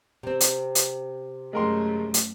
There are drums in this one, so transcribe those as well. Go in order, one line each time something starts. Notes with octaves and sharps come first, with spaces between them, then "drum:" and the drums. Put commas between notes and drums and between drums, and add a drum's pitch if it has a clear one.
C3 C4
drum: hi-hat
drum: hi-hat
F#2 G#3 A3 A#4 C6
drum: hi-hat